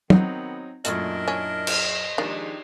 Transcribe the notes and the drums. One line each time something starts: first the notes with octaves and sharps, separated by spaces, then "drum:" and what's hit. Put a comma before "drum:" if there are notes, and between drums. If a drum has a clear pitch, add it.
D#3 F#3 B3 C4 D#4, drum: tom
F#2 A#2 A3 D4 E4 A#4 D#5, drum: hi-hat
C#4
drum: cymbal
D#3 F3 G#3 D4 D#4 G4